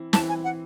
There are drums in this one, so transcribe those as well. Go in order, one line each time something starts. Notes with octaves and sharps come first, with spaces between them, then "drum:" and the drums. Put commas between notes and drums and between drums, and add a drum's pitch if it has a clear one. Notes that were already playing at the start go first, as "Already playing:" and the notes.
Already playing: E3 C4 E4
E3 C4 E4 A5, drum: snare
G#5
F#5